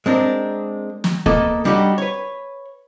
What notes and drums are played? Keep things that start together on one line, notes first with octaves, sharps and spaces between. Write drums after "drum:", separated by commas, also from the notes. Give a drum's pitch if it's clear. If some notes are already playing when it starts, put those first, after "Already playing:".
G#3 C4 D4 A#4
drum: snare
A#3 B3 A4 D#5, drum: kick
G3 D4 D#4 F#4 G4
B4 C#5